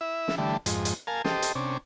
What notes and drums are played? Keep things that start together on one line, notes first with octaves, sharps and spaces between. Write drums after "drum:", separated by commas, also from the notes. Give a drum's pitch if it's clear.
E4 E5
drum: snare
D3 E3 G3 A3
F2 G#2, drum: hi-hat
drum: hi-hat
A#4 F5 G#5 A5
G4 A4 C5 D#5, drum: snare
drum: hi-hat
C3 C#4 D4